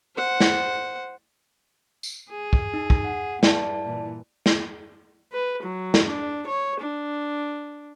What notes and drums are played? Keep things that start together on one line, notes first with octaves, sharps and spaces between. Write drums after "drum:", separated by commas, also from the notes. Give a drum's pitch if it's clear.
C5 F#5
drum: snare
drum: tambourine
G#4
drum: kick
D#4
drum: kick
F#5
G2 E4 D5 A5, drum: snare
A#2 E3
drum: snare
B4
F#3
drum: snare
D4
C#5
D4